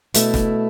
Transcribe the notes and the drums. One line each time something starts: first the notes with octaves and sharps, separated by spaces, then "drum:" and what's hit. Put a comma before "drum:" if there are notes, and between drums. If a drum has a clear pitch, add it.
B2 A3 E4, drum: hi-hat
drum: snare E1